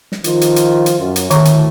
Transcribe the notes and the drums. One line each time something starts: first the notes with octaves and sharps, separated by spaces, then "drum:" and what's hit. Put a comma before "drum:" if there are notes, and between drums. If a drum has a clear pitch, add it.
drum: snare
D#3 F3 F4, drum: hi-hat
drum: hi-hat
drum: hi-hat
drum: hi-hat
F#2
drum: hi-hat
D2 A2 D#3 A#5 C#6, drum: hi-hat
drum: hi-hat